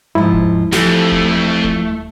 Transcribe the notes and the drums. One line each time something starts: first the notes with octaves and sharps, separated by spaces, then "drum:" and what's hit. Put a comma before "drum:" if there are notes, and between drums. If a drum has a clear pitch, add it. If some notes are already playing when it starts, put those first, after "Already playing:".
G#2 F3 E4
drum: kick D#1
F2 E3 F3 A3 G4, drum: snare
drum: kick D#1
drum: kick D#1